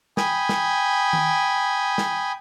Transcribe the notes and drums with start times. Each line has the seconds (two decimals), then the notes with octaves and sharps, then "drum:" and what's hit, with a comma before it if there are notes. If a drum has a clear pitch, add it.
0.17 G5 G#5 B5 D#6, drum: snare
0.49 drum: snare
1.13 drum: tom D#3
1.98 drum: snare